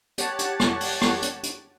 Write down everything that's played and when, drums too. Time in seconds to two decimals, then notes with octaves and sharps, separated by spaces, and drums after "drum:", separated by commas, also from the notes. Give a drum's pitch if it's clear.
0.18 G4 C#5 F#5 A5, drum: hi-hat
0.39 drum: hi-hat
0.60 drum: rim click
0.81 drum: open hi-hat
1.01 drum: rim click
1.22 drum: hi-hat
1.43 drum: hi-hat